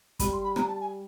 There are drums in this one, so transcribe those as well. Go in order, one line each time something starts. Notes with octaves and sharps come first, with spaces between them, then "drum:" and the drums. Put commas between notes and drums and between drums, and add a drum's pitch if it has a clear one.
G3 B5, drum: kick, hi-hat
C6
B5
A#5, drum: rim click
A5
G#5